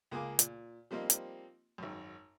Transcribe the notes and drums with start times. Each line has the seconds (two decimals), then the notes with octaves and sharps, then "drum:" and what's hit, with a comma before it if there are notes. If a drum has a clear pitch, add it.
0.11 C#2 A#3 G#4 G#5 D6
0.39 A#2, drum: hi-hat
0.91 F3 G3 A#3 C4 D#4
1.10 drum: hi-hat
1.78 G#1 F#2